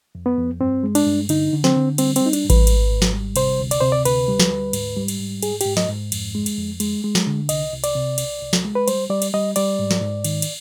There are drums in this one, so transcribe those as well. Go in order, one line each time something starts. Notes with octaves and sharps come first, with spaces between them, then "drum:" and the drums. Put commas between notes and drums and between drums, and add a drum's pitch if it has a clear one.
F2
B3
F2
G2 C4
G#3
D4, drum: cymbal
G2
D3 D#4, drum: cymbal
D3
C4, drum: snare
D3
G3 C4, drum: cymbal
G3 C4, drum: cymbal
D#4
D4, drum: cymbal
G#2
B4, drum: kick A1, cymbal
G#2, drum: cymbal
G#2
drum: snare
G3
C3 C5, drum: cymbal
D2
D5, drum: cymbal
C3 C5
D5
D2 B4, drum: cymbal
G3
drum: snare
D2
G#2, drum: cymbal
G3
drum: cymbal
G#2
G#2 G#4, drum: cymbal
G#2 G4, drum: cymbal
D#5, drum: snare
G#2
F2, drum: cymbal
G#3
drum: cymbal
F2
G#3, drum: cymbal
G#3
drum: snare
D3
C2 D#5, drum: cymbal
C2
D5, drum: cymbal
C3
C2, drum: cymbal
C2
drum: snare
G#3
B4
G3 C5, drum: cymbal
G3 D5
drum: cymbal
G3 D#5
G3 D5, drum: cymbal
G#2
drum: snare
G#2
D#3, drum: cymbal
drum: cymbal